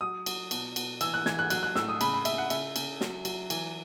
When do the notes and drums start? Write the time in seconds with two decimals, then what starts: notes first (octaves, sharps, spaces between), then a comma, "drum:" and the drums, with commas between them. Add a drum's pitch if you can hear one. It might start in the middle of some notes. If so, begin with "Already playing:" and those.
0.01 F#3 D#6
0.26 F#3, drum: cymbal
0.51 B2, drum: cymbal
0.76 B2, drum: cymbal
1.01 E3 E6, drum: cymbal
1.14 F#6
1.26 E3 G#6, drum: snare
1.39 F#6
1.50 F#3 F#6, drum: cymbal
1.63 F#6
1.75 A2 E6, drum: snare
1.88 D#6
2.01 C#3 B5, drum: cymbal
2.13 B5
2.25 C#3 E5, drum: cymbal
2.38 F#5
2.50 C#3 E5, drum: cymbal
2.76 C#3, drum: cymbal
3.01 F#3, drum: snare
3.25 F#3, drum: cymbal
3.50 E3, drum: cymbal